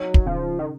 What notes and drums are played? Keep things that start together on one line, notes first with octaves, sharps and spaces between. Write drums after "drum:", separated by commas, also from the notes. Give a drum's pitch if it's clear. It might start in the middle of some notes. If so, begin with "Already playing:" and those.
Already playing: F#3 D#4
drum: kick
C#3 F3
D#3